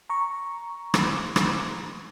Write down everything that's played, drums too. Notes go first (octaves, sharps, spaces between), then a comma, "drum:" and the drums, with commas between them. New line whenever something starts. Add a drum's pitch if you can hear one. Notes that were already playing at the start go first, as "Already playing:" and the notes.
A#5 C#6
drum: rim click
drum: rim click